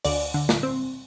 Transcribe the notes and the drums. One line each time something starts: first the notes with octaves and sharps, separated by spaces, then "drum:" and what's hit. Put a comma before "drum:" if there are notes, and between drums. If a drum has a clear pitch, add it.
D2 D5, drum: open hi-hat
D3
drum: snare
C4